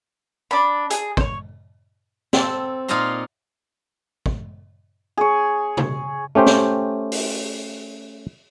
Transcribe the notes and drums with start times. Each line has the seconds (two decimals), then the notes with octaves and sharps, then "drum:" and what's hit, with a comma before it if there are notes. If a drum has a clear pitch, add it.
0.51 D4 B5
0.90 G#4, drum: hi-hat
1.17 C5 C#5, drum: kick
2.33 C4 A4, drum: snare
2.88 A#2 D#4 F4 F5 A#5 C6
4.26 drum: kick
5.17 G#4 C#5
5.77 drum: tom B2
6.35 A3 C#4 G4 C5 G5
6.46 drum: snare
7.12 drum: open hi-hat